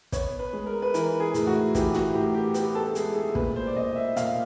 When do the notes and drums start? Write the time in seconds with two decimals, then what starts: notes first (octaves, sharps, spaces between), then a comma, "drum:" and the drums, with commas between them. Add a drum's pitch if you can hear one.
0.12 B3 C#5, drum: kick, hi-hat
0.39 B4
0.53 G#3
0.66 A#4
0.82 B4
0.94 E3 A#4, drum: hi-hat
1.20 G#4
1.34 A2, drum: hi-hat
1.47 F#4
1.75 E3 G4, drum: kick, hi-hat
1.94 F#4, drum: tom
2.14 A2 G4
2.34 G4
2.54 B3 G4, drum: hi-hat
2.75 A4
2.95 G#3 G#4, drum: hi-hat
3.16 G#4
3.35 A#2 B4, drum: kick
3.56 C5
3.67 D5
3.76 A#2 D#5
3.96 E5
4.16 A#2 F5, drum: hi-hat